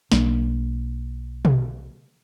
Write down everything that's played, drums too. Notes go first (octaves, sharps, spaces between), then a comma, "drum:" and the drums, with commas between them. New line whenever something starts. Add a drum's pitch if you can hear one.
B1 A#3 D4, drum: snare
drum: tom B2